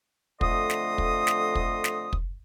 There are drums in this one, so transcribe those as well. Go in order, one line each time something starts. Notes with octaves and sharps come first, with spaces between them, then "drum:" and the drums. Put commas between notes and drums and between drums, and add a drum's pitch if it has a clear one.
F2 D3 A3 D#5 C6 D#6, drum: kick
drum: snare
drum: kick
drum: snare
drum: kick
drum: snare
drum: kick